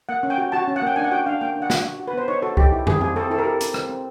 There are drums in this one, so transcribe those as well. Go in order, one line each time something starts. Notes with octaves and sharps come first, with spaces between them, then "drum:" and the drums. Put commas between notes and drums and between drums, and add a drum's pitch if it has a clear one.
A#3 F#5
C#4
G5
F#4
F#4 A5
C#4
F#5
A#3 G5
D4 G#5
F#5
F#4 G5
D4 F5
A#3 G5
D4
F#5
F#4, drum: snare
F#4
F#4
B4
B3 C5
D#4 C#5
F#4 A4
D#4 G4, drum: kick C2
E4
G4 G#4, drum: tom F2
C4 G#4
C4 A4
E4 A4
A#4
G4
C4, drum: hi-hat
C4, drum: rim click
C4